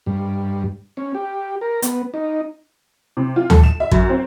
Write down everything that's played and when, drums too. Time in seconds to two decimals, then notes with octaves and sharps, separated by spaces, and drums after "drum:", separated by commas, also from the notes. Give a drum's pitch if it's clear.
0.06 G2
0.97 C#4
1.15 G4
1.61 A#4
1.82 B3, drum: hi-hat
2.14 D#4
3.17 C3
3.36 F4
3.50 A4, drum: tom D2
3.64 E7
3.80 E5
3.91 F#2, drum: kick A1
4.10 C4